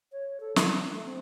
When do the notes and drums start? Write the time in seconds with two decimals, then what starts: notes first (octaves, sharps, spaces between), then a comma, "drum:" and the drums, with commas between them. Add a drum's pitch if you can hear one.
0.12 C#5
0.40 A4
0.56 D3, drum: snare
0.70 D4
0.92 A3
1.06 C4